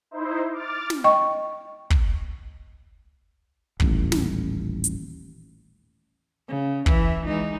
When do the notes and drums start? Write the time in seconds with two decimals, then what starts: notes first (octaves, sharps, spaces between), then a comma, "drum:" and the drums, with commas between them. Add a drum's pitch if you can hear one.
0.11 D#4 E4 C5
0.52 D6 F6 A6
0.90 drum: snare
1.04 D#5 G5 C#6
1.90 drum: kick
3.80 D#1 A1, drum: kick
4.12 drum: snare
4.84 drum: hi-hat
6.48 C#3
6.86 E3 E4, drum: kick
7.25 E3 G#3 D#4